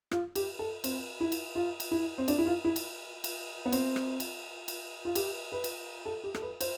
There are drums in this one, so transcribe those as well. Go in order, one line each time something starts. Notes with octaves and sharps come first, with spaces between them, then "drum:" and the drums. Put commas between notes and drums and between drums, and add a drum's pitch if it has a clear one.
F4, drum: rim click
G4, drum: cymbal
A4
C4, drum: cymbal
E4
drum: cymbal
F4
drum: cymbal
E4
C4
D4, drum: cymbal
E4
F4
E4
drum: cymbal
drum: cymbal
B3
C4, drum: cymbal
drum: rim click
drum: cymbal
drum: cymbal
F4
G4, drum: cymbal
B4
drum: cymbal
A4
G4
A4, drum: rim click
B4
C5, drum: cymbal